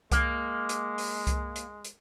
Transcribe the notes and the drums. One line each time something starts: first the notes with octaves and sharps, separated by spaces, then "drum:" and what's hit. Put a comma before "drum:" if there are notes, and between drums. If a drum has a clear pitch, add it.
G#3 A#3, drum: kick C2, hi-hat
drum: hi-hat
drum: open hi-hat
drum: kick C2, hi-hat
drum: hi-hat
drum: hi-hat